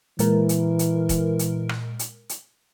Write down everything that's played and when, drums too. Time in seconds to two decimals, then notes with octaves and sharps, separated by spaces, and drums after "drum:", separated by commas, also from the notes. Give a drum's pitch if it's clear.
0.19 A#2 E3 G#3 A#4, drum: hi-hat
0.49 drum: hi-hat
0.79 drum: hi-hat
1.09 drum: kick, hi-hat
1.39 drum: hi-hat
1.69 drum: rim click
1.99 drum: hi-hat
2.29 drum: hi-hat